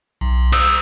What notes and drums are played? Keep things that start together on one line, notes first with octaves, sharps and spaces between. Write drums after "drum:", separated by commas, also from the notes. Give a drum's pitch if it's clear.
B1
D#6 E6, drum: cymbal